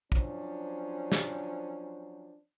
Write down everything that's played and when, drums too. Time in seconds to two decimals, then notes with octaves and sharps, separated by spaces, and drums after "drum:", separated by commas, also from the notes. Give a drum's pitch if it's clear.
0.12 F3 F#3 C#4 D4 C5, drum: kick
1.12 drum: snare